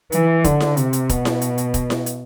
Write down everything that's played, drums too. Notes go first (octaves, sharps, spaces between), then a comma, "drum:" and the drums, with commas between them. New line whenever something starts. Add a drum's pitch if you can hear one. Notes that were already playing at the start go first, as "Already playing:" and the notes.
E3, drum: hi-hat
D3, drum: kick, hi-hat
drum: snare E4
C3, drum: hi-hat
drum: hi-hat
B2, drum: kick, hi-hat
drum: snare E4
drum: hi-hat
drum: hi-hat
drum: kick, hi-hat
drum: snare E4
drum: hi-hat